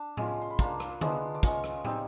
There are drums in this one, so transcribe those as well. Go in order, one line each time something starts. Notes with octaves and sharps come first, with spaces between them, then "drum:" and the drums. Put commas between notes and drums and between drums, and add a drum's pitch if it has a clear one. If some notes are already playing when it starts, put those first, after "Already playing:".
Already playing: D4 A5
G#3 C#4 F4, drum: tom A2
C6
B5
A#3 D4 F4 A#5, drum: kick, hi-hat
drum: rim click
G#3 B3 D4, drum: tom D3
D6
G#3 C#4 F4 C#6, drum: kick, hi-hat
drum: rim click
G3 C4 D#4, drum: tom A2